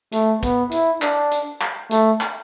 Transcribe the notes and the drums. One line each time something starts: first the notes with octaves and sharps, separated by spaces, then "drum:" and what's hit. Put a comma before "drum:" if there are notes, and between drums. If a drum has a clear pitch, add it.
A3, drum: hi-hat
B3, drum: kick, hi-hat
E4, drum: hi-hat
D4, drum: clap
drum: hi-hat
drum: clap
A3, drum: hi-hat
drum: clap